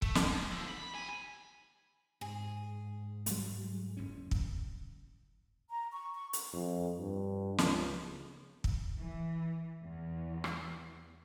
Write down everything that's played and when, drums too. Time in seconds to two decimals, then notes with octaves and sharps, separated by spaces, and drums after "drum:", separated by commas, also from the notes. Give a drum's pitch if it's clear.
0.02 A3, drum: kick
0.15 D4 G5, drum: snare
0.29 G#2
0.51 D3 F3
0.68 B5
0.95 D#2 G#5
2.21 G#2 G#4
3.26 F#3 G3 A3, drum: hi-hat
3.97 F#1 E2 C#4
4.31 drum: kick
5.70 A#5
5.91 C#6
6.14 C#6
6.33 drum: hi-hat
6.53 F2
6.99 G2
7.58 C#2, drum: snare
8.64 drum: kick
8.98 E3
9.84 E2
10.44 drum: rim click